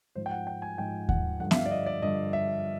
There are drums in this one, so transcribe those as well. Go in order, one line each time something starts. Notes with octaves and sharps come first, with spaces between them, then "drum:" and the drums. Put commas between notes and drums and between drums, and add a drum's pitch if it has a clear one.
G#2 F3 C5
G5
F#5
G5
G#5
G#2 F3 G5
F#5, drum: kick D#2
G2 D3 F3 F#5
E5, drum: snare B3
F5
D5
D#5
D5
G2 D3 F3 D#5
E5